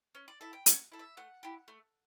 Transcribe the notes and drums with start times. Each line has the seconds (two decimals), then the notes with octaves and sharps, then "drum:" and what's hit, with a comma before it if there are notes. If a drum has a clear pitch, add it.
0.15 C#4
0.28 D5
0.41 E4 A4
0.53 G5
0.66 C#4 F#5, drum: hi-hat
0.92 E4 A4
0.99 E5
1.17 A3 F#5
1.43 E4 G4
1.68 A3